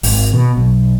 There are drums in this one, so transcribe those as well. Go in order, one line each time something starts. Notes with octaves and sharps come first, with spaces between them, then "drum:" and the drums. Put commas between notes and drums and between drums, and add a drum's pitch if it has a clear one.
G#1, drum: open hi-hat
B2
B1